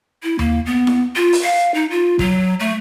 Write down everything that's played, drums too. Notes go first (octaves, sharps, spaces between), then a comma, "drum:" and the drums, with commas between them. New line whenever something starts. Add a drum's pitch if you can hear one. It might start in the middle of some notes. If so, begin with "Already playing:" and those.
E4
A#3, drum: tom D#2
B3
drum: snare E4
F4
drum: open hi-hat
F5
D#4
F4
F#3, drum: kick
A3